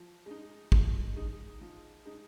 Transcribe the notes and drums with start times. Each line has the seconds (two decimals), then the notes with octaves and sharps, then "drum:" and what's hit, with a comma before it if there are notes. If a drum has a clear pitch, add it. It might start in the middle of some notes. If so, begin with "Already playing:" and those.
Already playing: F3
0.26 G#3 D#4
0.72 F3, drum: kick
1.16 G#3 D#4
1.61 F3
2.06 G#3 D#4